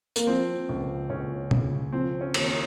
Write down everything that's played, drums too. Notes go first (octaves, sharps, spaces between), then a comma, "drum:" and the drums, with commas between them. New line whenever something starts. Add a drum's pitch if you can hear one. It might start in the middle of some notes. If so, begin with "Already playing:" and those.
A#3, drum: tambourine
F3 C4
C#2
C#2 C#4
C#3, drum: tom
F3 C4
C#4
D#2, drum: cymbal
C#4